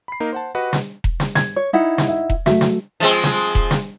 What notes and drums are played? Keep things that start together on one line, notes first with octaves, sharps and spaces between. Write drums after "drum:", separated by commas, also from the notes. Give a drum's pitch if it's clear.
B5 C7
A#3 D#4 A#4
C5 F#5 A5
F#4 G4 B4 D#5 F#5
drum: snare
drum: kick E1
drum: snare
G#6, drum: snare
C#5
D#4 E4 F#5
drum: snare
E5
drum: kick E1
F#3 A3 E5, drum: snare
drum: snare
F3 G#3 C4
drum: snare
drum: kick E1
drum: snare